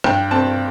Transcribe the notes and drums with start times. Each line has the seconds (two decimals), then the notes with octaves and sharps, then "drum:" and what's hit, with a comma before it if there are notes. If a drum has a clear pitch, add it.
0.04 G2 G5, drum: rim click
0.31 C4 A5